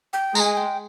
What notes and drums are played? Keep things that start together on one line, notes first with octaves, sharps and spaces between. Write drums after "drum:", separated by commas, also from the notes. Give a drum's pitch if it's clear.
G5
G#3 G#5 A#5, drum: tambourine
G5